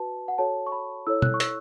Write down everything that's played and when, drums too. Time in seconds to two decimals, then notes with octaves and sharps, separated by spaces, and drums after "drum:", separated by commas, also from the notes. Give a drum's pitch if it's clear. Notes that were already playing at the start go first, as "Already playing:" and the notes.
Already playing: F#4 B4 A5
0.28 F#5
0.38 F#4 A4 C#5 A5
0.67 C#6
0.72 B5
1.07 E4 A4 C#5 E6
1.22 F#6, drum: tom
1.34 C#6
1.40 E6, drum: hi-hat